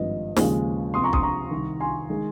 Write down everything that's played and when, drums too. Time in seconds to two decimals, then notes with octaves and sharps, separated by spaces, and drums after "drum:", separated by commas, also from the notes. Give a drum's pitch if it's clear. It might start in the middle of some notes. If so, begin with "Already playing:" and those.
Already playing: G#1 G2 F3 D#5
0.36 D#2 C#3 F3 G#3, drum: snare
0.94 C#2 C3 F3 C6 D#6
1.03 A#5 C#6
1.13 C6 D#6, drum: kick B1
1.23 A#5 C#6
1.51 C2 C3 D#3
1.80 G#5 C6
2.10 D#3 G#3